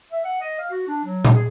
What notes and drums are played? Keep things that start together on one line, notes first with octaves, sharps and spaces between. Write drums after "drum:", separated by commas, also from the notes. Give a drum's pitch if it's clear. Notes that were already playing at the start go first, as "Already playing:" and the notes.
E5
F#5
D#5
F5
F#4
D4
F#3
drum: tom A#2
G#4